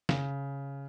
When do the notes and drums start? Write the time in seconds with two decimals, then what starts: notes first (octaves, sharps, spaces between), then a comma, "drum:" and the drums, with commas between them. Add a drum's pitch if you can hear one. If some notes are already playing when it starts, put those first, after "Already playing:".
0.09 C#3, drum: snare